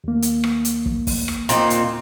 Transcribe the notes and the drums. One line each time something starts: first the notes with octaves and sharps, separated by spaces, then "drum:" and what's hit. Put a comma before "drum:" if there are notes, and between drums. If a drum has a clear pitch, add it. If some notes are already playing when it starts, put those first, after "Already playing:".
D#2 A#3
drum: hi-hat
drum: rim click
drum: hi-hat
drum: kick
drum: kick, open hi-hat
drum: rim click
A#2 C4 D#4, drum: hi-hat
drum: hi-hat